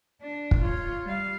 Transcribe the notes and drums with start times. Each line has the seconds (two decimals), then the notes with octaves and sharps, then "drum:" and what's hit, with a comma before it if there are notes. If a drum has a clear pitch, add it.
0.22 D4
0.51 drum: kick
0.61 F4 C#5
1.06 G3 F5